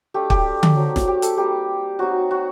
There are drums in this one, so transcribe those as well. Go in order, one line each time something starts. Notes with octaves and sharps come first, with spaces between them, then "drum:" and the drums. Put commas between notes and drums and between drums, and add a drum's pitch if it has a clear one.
A3 D4 G4
G4, drum: kick
drum: tom D3
F#3 C4 D#4
drum: snare
G4
A4, drum: hi-hat
G3 A#3 D#4 G4
F#3 C4 D#4 F#4
F#4